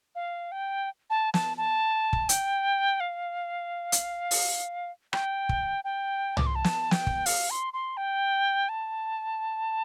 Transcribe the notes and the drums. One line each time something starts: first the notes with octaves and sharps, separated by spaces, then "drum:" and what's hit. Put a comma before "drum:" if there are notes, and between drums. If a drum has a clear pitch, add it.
F5
G5
A5
A5, drum: snare
A5
drum: kick
G5, drum: hi-hat
F5
drum: hi-hat
drum: open hi-hat
G5, drum: rim click
drum: kick
G5
D6, drum: tom
C6
A5
drum: snare
G5, drum: snare
drum: kick
F5, drum: open hi-hat
C6
C6
G5
A5